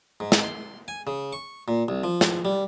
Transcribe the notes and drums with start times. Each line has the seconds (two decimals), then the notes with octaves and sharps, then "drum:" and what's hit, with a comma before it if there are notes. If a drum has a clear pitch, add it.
0.20 G#2
0.32 drum: snare
0.43 C6
0.88 G#5
1.07 C#3
1.33 C#6
1.68 A#2
1.88 C2
2.04 F3
2.21 drum: snare
2.45 G3